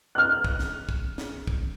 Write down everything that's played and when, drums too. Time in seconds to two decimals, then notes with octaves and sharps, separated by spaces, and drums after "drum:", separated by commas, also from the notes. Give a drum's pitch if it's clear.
0.15 F6 F#6
0.45 drum: kick
0.59 drum: snare
0.89 drum: kick
1.18 drum: snare
1.47 drum: kick